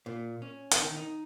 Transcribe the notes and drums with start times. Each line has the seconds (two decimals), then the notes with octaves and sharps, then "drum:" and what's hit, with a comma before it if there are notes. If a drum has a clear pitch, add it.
0.06 A#2
0.42 C#4
0.71 drum: hi-hat
0.82 D#3
0.96 D#4